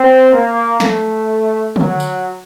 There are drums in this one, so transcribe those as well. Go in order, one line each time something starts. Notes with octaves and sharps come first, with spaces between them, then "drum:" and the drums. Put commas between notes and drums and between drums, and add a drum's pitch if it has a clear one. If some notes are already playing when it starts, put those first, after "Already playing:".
Already playing: C4
A#3
A3, drum: snare
F#3, drum: tom D3
drum: tambourine